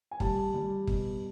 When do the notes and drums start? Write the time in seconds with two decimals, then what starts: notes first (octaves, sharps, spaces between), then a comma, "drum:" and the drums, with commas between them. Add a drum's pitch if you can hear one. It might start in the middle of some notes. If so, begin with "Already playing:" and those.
0.11 G#5
0.20 G3 A5, drum: kick
0.54 G3
0.87 B2, drum: kick